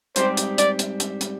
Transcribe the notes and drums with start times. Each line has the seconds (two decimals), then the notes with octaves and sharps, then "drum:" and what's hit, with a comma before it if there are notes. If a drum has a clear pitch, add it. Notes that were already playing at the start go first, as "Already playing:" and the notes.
0.16 G#2 G3 C4 G4 C5, drum: hi-hat
0.37 drum: hi-hat
0.58 D5, drum: hi-hat
0.79 drum: hi-hat
1.00 drum: hi-hat
1.21 drum: hi-hat